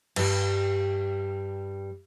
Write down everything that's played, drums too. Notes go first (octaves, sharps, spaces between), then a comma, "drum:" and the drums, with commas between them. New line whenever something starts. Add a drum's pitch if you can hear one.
G2 G3, drum: cymbal